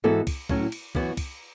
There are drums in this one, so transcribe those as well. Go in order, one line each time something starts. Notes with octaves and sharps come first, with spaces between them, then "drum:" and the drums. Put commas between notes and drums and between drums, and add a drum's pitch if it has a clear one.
G#2 E3 B3 F#4 A4
drum: kick, cymbal
A2 F#3 C#4, drum: kick
drum: cymbal
F#2 E3 B3 F#4, drum: kick
drum: kick, cymbal